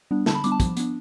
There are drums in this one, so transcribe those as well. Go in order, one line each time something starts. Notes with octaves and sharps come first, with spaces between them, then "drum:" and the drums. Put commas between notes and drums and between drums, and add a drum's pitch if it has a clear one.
G3 B3 D4
D3 A5, drum: snare
B5
G3 B3 D4 D6, drum: hi-hat
A5
F3, drum: kick, hi-hat
B3 D4, drum: hi-hat